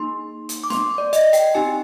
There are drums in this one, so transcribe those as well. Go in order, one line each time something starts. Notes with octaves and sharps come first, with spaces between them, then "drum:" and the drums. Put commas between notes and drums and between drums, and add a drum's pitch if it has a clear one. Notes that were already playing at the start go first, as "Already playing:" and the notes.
Already playing: A#3 D#4 G#4 C6
drum: hi-hat
D6
C6, drum: snare
D5
D#5, drum: hi-hat
G5, drum: hi-hat
C4 D#4 G4 G#5